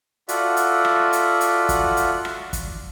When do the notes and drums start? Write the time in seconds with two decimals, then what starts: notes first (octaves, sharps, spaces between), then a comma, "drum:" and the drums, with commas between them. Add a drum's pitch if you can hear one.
0.29 F4 F#4 A4 D5 E5 F#5, drum: hi-hat
0.57 drum: hi-hat
0.85 drum: rim click
1.13 drum: hi-hat
1.41 drum: hi-hat
1.69 drum: kick, hi-hat
1.97 drum: hi-hat
2.25 drum: rim click
2.53 drum: kick, hi-hat